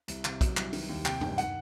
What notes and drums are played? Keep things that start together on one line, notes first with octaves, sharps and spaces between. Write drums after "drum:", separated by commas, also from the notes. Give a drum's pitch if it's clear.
C2, drum: hi-hat
C3, drum: clap
F#3, drum: kick, hi-hat
C2, drum: clap
D#3, drum: open hi-hat
D#2
C3 G5, drum: clap
D#3, drum: tom F#2
F#5, drum: hi-hat